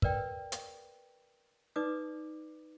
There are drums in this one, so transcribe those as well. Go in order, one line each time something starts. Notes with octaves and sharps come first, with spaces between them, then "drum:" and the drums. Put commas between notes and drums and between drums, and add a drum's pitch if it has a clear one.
A#4 B4 D5 G5, drum: kick
drum: hi-hat
D#4 B4 D5 D6 D#6